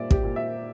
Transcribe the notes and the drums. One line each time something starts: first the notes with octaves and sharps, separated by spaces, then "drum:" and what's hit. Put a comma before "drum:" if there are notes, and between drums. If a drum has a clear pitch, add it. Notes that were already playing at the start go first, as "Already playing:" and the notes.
Already playing: A#2 G3 C5 D5 E5
G4, drum: kick
A#2
E5